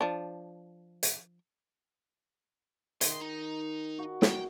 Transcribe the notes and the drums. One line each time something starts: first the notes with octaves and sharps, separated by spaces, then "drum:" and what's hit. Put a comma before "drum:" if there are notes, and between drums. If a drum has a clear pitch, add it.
F3 D4
drum: hi-hat
D#3 D#5 C6, drum: hi-hat
D#4
F#4
G5, drum: snare